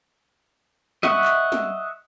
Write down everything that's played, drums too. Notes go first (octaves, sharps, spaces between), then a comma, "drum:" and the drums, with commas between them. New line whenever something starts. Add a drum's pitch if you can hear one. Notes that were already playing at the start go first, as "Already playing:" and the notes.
D#5 E5 F#5 C#6, drum: snare
drum: clap
drum: snare